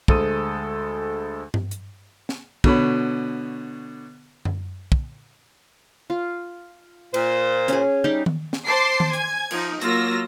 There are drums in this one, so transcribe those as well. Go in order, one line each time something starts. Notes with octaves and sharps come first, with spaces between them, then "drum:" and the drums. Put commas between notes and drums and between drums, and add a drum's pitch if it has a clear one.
D2 G#3 A4 C5 D#6 D#7, drum: kick
drum: tom G2
drum: hi-hat
drum: snare
B2 D3 C#5 B5, drum: kick
drum: tom F#2
drum: kick
F4
A#2 C5, drum: cymbal
C#4 G#4, drum: hi-hat
G3 D#4 G4
drum: tom D#3
drum: snare
C5 A5 C6 D6 C7
drum: tom D#3
G#5 G#6, drum: hi-hat
F3 D#4, drum: cymbal
F#3 A#3 F4 E6 A#6, drum: hi-hat